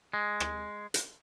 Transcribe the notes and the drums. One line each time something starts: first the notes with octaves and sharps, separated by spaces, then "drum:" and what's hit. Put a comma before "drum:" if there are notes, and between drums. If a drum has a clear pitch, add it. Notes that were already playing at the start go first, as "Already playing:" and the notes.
G#3
drum: rim click
drum: hi-hat